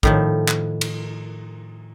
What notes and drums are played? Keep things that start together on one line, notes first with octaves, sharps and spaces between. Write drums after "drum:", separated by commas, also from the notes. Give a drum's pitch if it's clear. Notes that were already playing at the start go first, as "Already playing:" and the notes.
A2 D#3 F3, drum: kick
drum: clap
drum: cymbal